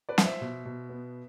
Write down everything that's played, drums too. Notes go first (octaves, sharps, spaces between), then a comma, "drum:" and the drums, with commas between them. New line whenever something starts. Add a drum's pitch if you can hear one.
B4 D5
F3, drum: snare
C5 E5
B2
B2
B3